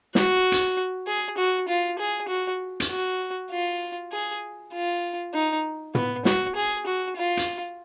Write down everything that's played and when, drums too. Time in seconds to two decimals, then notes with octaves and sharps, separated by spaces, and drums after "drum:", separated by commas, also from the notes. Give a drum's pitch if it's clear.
0.15 F#4, drum: snare
0.52 drum: hi-hat
1.07 G#4
1.37 F#4
1.68 F4
1.99 G#4
2.28 F#4
2.80 drum: hi-hat
2.89 F#4
3.51 F4
4.12 G#4
4.73 F4
5.33 D#4
5.95 B3, drum: tom
6.25 F#4, drum: snare
6.55 G#4
6.86 F#4
7.17 F4
7.37 drum: hi-hat